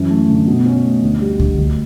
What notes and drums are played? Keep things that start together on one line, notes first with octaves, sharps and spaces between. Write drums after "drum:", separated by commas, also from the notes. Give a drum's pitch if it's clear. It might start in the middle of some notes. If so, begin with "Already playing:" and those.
Already playing: F#2 E3
A3
D3
B2
C#4
A3
D2
G3
D3, drum: kick C#2
D2